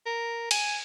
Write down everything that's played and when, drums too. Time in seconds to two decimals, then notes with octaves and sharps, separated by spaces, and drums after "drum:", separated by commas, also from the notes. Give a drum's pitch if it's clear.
0.06 A#4
0.51 G#5, drum: cymbal